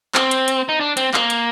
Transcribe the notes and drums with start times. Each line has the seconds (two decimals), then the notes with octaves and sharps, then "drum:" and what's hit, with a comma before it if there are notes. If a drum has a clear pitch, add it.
0.15 C4, drum: clap
0.31 drum: hi-hat
0.48 drum: hi-hat
0.69 D#4
0.81 D4
0.97 C4, drum: hi-hat
1.14 A#3, drum: clap
1.30 drum: hi-hat